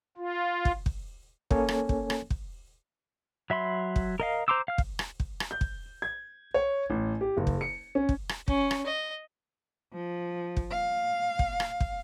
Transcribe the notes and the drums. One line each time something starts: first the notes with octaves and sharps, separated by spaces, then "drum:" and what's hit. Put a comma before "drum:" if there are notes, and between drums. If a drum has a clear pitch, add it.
F4
drum: kick
drum: kick
A#3 C#4 A4 C#5 G#5, drum: kick
drum: rim click
drum: kick
drum: rim click
drum: kick
F#3 E5 B5 C6
drum: kick
A#4 D#5 F5
C5 A#5 C6 D6 E6
F5 F6
drum: kick
drum: rim click
drum: kick
drum: rim click
G6
drum: kick
G#6
C#5
A1
G4
F#1
drum: kick
C#7
C#4
drum: kick
drum: rim click
C#4, drum: kick
drum: rim click
D#5
F3
drum: kick
F5
drum: kick
drum: rim click
drum: kick